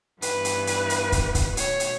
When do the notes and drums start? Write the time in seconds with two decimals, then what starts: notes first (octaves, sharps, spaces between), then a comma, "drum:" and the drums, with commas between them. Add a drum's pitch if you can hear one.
0.22 G2 E3 B3 B4, drum: hi-hat
0.45 drum: hi-hat
0.67 drum: hi-hat
0.90 drum: hi-hat
1.12 drum: kick, hi-hat
1.35 drum: kick, hi-hat
1.57 B2 A3 C#5, drum: hi-hat
1.80 drum: hi-hat